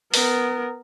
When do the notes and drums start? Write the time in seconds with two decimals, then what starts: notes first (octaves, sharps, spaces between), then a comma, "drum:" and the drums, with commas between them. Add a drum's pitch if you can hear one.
0.14 B3 A#4, drum: open hi-hat